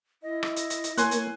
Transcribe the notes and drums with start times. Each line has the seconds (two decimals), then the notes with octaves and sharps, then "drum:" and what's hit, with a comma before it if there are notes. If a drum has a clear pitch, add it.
0.23 E4 D#5
0.43 drum: rim click
0.56 drum: hi-hat
0.70 drum: hi-hat
0.84 drum: hi-hat
0.97 A#3 C#5 G#5 C6 F#6, drum: hi-hat
1.11 drum: hi-hat